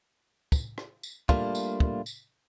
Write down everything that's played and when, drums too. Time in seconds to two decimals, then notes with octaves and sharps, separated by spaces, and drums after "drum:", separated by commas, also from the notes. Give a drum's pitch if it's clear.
0.52 drum: kick, tambourine
0.78 drum: rim click
1.03 drum: tambourine
1.29 G3 A3 A#3 D4 F4, drum: kick
1.55 drum: tambourine
1.80 drum: kick
2.06 drum: tambourine